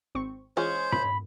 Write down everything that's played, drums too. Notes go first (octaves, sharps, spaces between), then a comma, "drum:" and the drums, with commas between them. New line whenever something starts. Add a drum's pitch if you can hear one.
G#1 C4 C#6
E3 G#3 C#4 F4 G#4 C5
B5, drum: tom